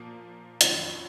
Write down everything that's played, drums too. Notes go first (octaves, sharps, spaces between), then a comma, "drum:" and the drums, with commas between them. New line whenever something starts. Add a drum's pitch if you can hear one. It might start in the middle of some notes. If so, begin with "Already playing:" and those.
Already playing: A#2 F3 A#3
F2 D#3 F#3 C#4 F4, drum: hi-hat